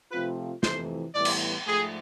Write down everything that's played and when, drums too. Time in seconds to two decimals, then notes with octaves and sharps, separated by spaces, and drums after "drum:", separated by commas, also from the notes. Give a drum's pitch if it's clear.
0.11 C3 F3 A3 C4 F4 B4
0.63 F2 C3 E3 A3 C5, drum: snare
1.15 A2 E3 G3 B3 E4 D5
1.25 drum: cymbal
1.66 G#2 F3 A3 G#4